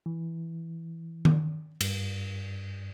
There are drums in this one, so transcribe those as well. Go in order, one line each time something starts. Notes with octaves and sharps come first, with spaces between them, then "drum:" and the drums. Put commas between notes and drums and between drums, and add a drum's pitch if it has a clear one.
E3
drum: tom D#3
G2, drum: cymbal